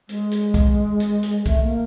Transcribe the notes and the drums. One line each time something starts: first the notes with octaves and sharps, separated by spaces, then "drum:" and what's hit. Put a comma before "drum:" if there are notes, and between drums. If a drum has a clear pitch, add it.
G#3, drum: hi-hat
drum: hi-hat
drum: kick B1, hi-hat
drum: hi-hat
drum: hi-hat
A3, drum: kick B1, hi-hat
A#3